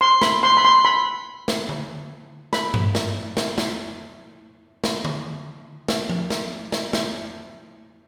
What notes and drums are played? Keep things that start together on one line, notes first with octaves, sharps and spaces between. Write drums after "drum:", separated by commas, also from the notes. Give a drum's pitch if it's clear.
C6
B5, drum: snare
C6
B5
C6
B5
drum: snare
drum: tom D3
B5, drum: snare
drum: tom G2
drum: snare
drum: snare
drum: snare
drum: snare
drum: tom D3
drum: snare
drum: tom F3
drum: snare
drum: snare
drum: snare